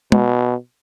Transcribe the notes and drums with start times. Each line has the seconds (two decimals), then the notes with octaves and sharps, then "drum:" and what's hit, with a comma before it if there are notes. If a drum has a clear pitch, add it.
0.12 B2, drum: tom